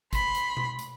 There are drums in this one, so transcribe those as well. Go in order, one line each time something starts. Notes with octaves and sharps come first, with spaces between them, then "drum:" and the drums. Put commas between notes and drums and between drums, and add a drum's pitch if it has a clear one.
B5 C6, drum: kick, hi-hat
drum: hi-hat
drum: tom B2
drum: hi-hat